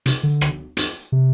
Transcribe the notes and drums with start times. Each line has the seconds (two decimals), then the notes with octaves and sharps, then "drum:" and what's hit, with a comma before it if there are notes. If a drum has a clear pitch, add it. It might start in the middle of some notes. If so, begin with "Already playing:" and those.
0.06 C3, drum: hi-hat
0.23 D3
0.41 drum: rim click
0.77 drum: hi-hat
1.12 C3